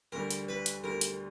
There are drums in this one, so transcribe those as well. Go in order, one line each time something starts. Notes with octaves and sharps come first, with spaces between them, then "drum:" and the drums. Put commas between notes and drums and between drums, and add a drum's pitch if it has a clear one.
D2 D3 G3 A#4
drum: hi-hat
B4
drum: hi-hat
D2 D3 G3 A#4
drum: hi-hat